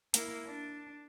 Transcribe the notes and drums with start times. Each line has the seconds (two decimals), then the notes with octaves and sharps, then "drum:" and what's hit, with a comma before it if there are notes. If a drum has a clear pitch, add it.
0.14 A#3 E4, drum: hi-hat
0.47 D4